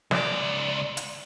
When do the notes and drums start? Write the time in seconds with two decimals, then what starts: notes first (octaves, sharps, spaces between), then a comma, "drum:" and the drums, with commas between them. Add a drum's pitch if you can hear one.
0.11 C#2 D5, drum: snare
0.97 drum: hi-hat